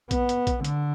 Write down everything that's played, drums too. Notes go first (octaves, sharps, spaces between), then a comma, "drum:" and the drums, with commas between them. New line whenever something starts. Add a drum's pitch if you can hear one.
B3, drum: kick A#1, hi-hat
drum: hi-hat
drum: kick A#1, hi-hat
D3, drum: hi-hat